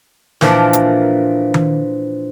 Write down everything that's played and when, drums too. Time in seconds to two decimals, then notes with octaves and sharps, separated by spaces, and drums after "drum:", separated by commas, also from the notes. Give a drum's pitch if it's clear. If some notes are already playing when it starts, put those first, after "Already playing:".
0.41 A#2 E3 F3 D4 A#4, drum: snare
0.73 drum: hi-hat
1.54 drum: tom D#3